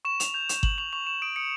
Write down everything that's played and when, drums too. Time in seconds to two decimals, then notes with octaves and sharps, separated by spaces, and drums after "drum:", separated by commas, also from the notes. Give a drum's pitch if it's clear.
0.05 C#6 E7
0.20 C#6 F7, drum: hi-hat
0.34 G6 F7
0.49 C#6, drum: hi-hat
0.63 C#6 F#7, drum: kick G1
0.78 C#6 F7
0.93 C#6 F7
1.07 C#6 E7
1.22 D#6 D7
1.36 D#6 C#7